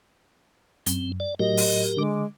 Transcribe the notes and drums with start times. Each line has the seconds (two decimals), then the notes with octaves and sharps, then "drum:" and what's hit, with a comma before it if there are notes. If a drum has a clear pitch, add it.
0.86 F#2 C4, drum: hi-hat
1.20 D5
1.40 A2 F#3 G4 A#4 D#5
1.57 drum: open hi-hat
1.97 D3 G#3 D6